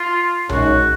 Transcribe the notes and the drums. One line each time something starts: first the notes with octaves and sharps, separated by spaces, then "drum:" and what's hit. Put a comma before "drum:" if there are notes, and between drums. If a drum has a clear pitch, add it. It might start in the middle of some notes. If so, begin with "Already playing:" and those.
Already playing: F4
F#2 C#3 G#3 D#4 F#4, drum: tom B1